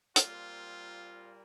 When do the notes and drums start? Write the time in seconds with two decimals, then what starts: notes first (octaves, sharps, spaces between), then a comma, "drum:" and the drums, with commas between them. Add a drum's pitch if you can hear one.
0.16 A#2 G3 A#3 C4 F4, drum: hi-hat